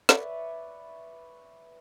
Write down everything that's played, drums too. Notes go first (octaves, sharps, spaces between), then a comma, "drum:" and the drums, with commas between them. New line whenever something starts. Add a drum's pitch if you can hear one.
B4 C#5 D5 E5, drum: snare